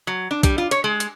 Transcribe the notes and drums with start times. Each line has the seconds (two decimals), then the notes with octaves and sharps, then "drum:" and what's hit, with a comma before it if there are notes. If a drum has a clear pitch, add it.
0.07 F#3
0.31 D4
0.43 G3, drum: kick B1, hi-hat
0.58 F4
0.71 C#5, drum: hi-hat
0.84 G#3
1.00 drum: hi-hat